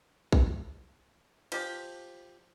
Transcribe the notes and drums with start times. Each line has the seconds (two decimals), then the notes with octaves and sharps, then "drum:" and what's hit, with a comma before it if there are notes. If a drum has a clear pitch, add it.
0.32 drum: kick
1.52 F3 G4, drum: cymbal